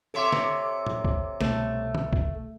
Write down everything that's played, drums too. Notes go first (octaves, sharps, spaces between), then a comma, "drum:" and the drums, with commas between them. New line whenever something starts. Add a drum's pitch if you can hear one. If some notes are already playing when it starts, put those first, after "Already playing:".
C3 A4 C#5 E5 C6 D6
drum: snare
drum: tom A2
drum: kick
C2 B2 A3, drum: snare
drum: tom D3
drum: kick